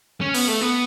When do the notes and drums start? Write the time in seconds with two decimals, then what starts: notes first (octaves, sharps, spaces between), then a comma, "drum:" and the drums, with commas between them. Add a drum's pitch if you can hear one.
0.21 C#4
0.34 B3, drum: open hi-hat
0.48 A3
0.61 B3